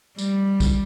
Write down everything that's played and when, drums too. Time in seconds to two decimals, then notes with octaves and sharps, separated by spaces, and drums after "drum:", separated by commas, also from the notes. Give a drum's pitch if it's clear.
0.19 G3, drum: tambourine
0.60 drum: kick, tambourine